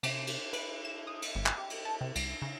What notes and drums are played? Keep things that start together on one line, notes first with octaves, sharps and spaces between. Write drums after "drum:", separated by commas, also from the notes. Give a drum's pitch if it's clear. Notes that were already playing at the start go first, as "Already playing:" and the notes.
C3, drum: cymbal
drum: cymbal
B4, drum: cymbal
E7
D#6
drum: cymbal
G1
drum: clap
G4
drum: cymbal
A5
C3
C2, drum: cymbal
C#3